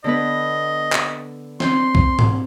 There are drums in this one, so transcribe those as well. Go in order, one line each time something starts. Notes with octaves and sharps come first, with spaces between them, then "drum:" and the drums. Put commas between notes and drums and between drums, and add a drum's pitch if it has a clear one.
D3 B3 B4 D#5
drum: clap
C4 C6 G6, drum: snare
drum: kick
drum: tom G#2